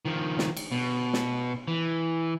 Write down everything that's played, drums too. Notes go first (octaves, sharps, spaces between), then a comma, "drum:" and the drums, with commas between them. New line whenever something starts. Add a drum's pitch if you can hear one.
D#3 F3
drum: snare
drum: cymbal
B2
drum: snare
E3